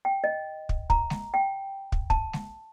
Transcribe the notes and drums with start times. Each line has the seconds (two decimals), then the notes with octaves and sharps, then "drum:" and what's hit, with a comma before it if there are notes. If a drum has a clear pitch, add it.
0.05 G5
0.24 D#5
0.69 drum: kick
0.90 A#5, drum: kick
1.10 drum: snare G#3
1.34 G5
1.92 drum: kick
2.10 A5, drum: kick
2.33 drum: snare G#3